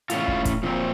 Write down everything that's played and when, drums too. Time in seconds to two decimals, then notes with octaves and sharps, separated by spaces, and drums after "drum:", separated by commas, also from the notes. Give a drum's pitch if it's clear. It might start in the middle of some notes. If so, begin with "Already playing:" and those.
0.10 A2 A3 C#4 F4, drum: hi-hat
0.28 drum: kick
0.45 drum: kick, hi-hat
0.63 A#2 F3 C4